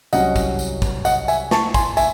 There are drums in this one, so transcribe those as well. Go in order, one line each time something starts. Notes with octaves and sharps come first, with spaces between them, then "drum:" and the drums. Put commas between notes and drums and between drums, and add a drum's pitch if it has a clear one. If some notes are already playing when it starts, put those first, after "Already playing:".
C2 C3 F#3 C#4 D#5 F#5, drum: tambourine
drum: kick, tambourine
drum: tambourine
drum: kick, tambourine
D#5 F#5, drum: tambourine
E5 G#5, drum: tambourine
A5 C#6, drum: snare
G#5 C6, drum: kick, tambourine
E5 G#5, drum: tambourine